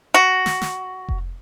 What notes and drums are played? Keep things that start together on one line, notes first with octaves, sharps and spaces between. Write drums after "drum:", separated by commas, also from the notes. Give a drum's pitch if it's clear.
F#4
drum: snare
drum: snare
drum: kick F1